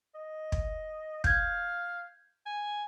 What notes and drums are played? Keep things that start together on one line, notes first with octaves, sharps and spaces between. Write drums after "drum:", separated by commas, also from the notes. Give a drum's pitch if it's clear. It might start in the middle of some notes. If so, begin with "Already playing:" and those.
D#5
drum: kick
F5 G6 G#6, drum: kick
G#5